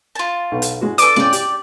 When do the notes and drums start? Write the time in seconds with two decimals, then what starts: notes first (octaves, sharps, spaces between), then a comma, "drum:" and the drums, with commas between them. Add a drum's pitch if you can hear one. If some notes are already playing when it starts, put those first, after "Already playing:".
0.15 F4 A5
0.51 B1
0.62 drum: hi-hat
0.81 G#3 F#4
0.98 D4 A4 B4 D6 D7 D#7, drum: hi-hat
1.16 C#3 G#3 D5 G5
1.33 G4, drum: hi-hat